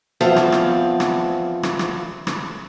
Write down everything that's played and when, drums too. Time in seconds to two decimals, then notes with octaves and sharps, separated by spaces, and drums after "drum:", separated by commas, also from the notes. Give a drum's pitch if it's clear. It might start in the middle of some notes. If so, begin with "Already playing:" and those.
0.21 E2 F3 C4 F5
0.36 drum: rim click
0.52 drum: rim click
1.00 drum: rim click
1.63 drum: rim click
1.79 drum: rim click
2.27 drum: rim click